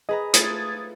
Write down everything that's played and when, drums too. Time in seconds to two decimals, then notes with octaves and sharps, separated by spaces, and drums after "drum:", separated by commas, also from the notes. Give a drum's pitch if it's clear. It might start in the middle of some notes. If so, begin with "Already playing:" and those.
0.09 G#4 B4 D#5 A#5
0.34 A3 F4 D#6 G#6 A6, drum: hi-hat